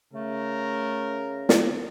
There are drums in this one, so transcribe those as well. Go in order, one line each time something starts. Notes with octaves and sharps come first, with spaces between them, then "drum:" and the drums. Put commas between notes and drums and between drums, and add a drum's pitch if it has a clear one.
C#3 A3 A#4
drum: snare